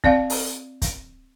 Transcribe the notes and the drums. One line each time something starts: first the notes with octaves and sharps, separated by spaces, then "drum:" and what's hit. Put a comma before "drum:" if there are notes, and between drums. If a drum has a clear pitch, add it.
C4 D5 F5 G5, drum: kick
drum: open hi-hat
drum: kick, hi-hat